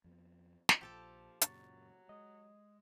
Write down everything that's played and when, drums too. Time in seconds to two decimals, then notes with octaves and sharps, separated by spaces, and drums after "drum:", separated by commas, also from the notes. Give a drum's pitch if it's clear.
0.04 F2 F3 B3
0.69 drum: snare
0.81 A#1 F3 G4 A4 A5
1.41 F#2 A#2 C#3 F#3 C#6 A6, drum: hi-hat
2.09 G#3 D#5 D#6